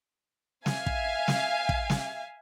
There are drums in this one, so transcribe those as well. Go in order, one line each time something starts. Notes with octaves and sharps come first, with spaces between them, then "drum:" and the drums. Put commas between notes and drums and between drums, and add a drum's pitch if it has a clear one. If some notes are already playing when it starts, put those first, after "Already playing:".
E5 F5 G#5, drum: snare
drum: kick
drum: snare
drum: kick
drum: snare